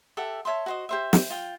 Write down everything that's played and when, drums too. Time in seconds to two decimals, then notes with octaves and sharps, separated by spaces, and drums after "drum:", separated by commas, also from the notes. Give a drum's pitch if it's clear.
0.17 G4 A4 E5 F#5
0.45 C#5 E5 A5 C6
0.66 F#4 C5 D#5
0.89 G4 C5 E5
1.13 drum: snare
1.30 F4 G5